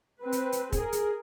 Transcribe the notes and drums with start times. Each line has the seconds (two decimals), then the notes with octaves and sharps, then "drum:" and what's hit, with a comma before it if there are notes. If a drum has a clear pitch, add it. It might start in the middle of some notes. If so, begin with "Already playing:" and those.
0.22 C4 B4
0.32 drum: hi-hat
0.52 drum: hi-hat
0.72 G#4 A#4, drum: kick, hi-hat
0.92 drum: hi-hat